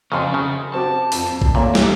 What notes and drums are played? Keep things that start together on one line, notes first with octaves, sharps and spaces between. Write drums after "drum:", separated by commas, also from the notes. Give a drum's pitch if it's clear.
F2 C#3 F#3 C#4 G#5 C6
C#3
C4 F#4 A5 D6
F2, drum: open hi-hat
drum: kick
A#2 A3 A#3 C#5
G4, drum: snare